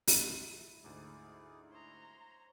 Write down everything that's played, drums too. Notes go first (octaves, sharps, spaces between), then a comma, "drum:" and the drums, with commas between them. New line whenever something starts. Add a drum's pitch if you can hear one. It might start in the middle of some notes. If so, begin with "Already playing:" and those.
drum: open hi-hat
E4
D2 G#2 D#4 G#4 D5
C5 C#5 A#5 C6